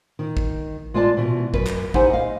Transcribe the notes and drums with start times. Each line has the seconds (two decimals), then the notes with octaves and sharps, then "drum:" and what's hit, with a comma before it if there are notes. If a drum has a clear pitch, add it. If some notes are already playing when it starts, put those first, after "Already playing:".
0.19 D#3
0.37 drum: kick
0.94 G#3 F4 D5 A5
1.17 B2 E3
1.54 F#2 B4, drum: kick
1.67 drum: clap
1.94 D#4 E4 G4 C5 F#5 G#5, drum: kick
2.10 D#5 F5